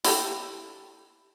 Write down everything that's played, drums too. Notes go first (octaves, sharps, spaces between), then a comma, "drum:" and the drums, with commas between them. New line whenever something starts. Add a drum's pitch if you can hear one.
E4 G4 A4, drum: open hi-hat